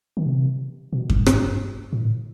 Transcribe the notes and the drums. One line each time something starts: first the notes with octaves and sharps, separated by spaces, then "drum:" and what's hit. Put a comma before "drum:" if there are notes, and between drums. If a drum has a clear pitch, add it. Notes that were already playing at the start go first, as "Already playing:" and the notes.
D#3
C3
B2
drum: kick F#2
G2, drum: rim click
A2